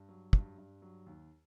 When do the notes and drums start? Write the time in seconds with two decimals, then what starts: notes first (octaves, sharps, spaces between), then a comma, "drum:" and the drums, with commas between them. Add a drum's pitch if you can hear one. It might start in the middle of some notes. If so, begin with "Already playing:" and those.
Already playing: G2
0.09 F#3
0.33 G2, drum: kick
0.58 G2
0.82 F#3
1.06 D#2